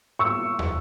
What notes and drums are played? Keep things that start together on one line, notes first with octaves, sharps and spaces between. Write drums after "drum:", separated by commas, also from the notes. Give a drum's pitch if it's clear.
C#6 E6
drum: tom